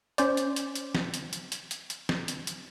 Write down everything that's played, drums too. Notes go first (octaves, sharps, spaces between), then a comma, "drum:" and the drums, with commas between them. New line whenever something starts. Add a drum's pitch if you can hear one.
C#4 C5 D5, drum: hi-hat
drum: hi-hat
drum: hi-hat
drum: hi-hat
drum: snare
drum: hi-hat
drum: hi-hat
drum: hi-hat
drum: hi-hat
drum: hi-hat
drum: snare
drum: hi-hat
drum: hi-hat